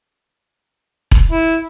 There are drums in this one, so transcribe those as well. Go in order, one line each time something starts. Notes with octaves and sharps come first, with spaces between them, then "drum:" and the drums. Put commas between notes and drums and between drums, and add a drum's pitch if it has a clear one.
drum: kick E1
E4